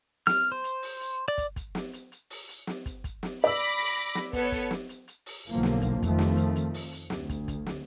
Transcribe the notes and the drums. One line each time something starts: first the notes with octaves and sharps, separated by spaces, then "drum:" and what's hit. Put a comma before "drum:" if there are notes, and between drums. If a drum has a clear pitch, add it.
F6, drum: snare
C5
drum: hi-hat
drum: open hi-hat
drum: hi-hat
D5
drum: kick, hi-hat
drum: kick, hi-hat
drum: snare
drum: hi-hat
drum: hi-hat
drum: open hi-hat
drum: hi-hat
drum: snare
drum: kick, hi-hat
drum: kick, hi-hat
drum: snare
D5 B5 D6 E6 A#6, drum: hi-hat
drum: hi-hat
drum: open hi-hat
drum: hi-hat
drum: snare
B3 A4 C#5, drum: kick, hi-hat
drum: kick, hi-hat
drum: snare
drum: hi-hat
drum: hi-hat
drum: open hi-hat
B1 D3 F3 A#3
drum: snare
drum: kick, hi-hat
F2 D#3 F3 A3, drum: kick, hi-hat
drum: snare
drum: hi-hat
drum: hi-hat
drum: open hi-hat
drum: hi-hat
D2, drum: snare
drum: kick, hi-hat
drum: kick, hi-hat
drum: snare